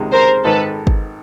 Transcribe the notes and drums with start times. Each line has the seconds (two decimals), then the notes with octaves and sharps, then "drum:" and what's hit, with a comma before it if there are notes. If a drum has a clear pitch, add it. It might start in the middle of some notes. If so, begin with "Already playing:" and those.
Already playing: C#2 C3 D#3 G#3
0.12 A#4 C5
0.44 G#1 G#2 D#3 A4 B4
0.87 drum: kick